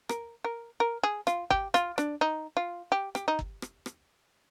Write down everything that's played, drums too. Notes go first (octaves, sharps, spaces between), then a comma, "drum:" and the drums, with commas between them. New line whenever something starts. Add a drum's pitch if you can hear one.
A#4, drum: rim click
A#4
A#4
G#4
F4, drum: rim click
G4, drum: kick G1
F4, drum: rim click
D4, drum: rim click
D#4
F4
G4
G4, drum: rim click
D#4
drum: kick G1
drum: rim click
drum: rim click